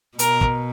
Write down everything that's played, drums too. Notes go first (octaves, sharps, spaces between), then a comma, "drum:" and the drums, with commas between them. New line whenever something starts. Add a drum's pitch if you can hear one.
B2 A#4, drum: hi-hat
drum: kick